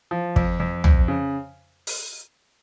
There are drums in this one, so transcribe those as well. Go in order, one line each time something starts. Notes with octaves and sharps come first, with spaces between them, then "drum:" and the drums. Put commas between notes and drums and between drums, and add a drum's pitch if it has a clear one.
F3
F2, drum: kick
F2
F2, drum: tom
C#3
drum: open hi-hat